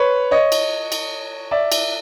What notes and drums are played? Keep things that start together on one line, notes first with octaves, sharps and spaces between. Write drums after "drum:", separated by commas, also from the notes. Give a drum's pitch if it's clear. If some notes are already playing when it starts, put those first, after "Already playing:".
Already playing: B4 C#5
C#5 D#5
drum: cymbal
drum: cymbal
D5 E5
drum: cymbal